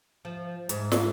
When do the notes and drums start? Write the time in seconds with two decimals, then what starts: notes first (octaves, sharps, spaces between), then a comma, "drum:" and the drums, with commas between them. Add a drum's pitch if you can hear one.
0.25 F3
0.69 G#2, drum: hi-hat
0.92 drum: snare